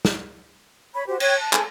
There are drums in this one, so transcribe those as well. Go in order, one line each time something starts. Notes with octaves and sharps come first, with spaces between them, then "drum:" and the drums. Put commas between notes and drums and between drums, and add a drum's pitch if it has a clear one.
drum: snare
C#5 B5
F#4 G4 C5
C#5 G5 F#6 G#6, drum: cymbal
A5 F#6
G#4 A4 G#5, drum: clap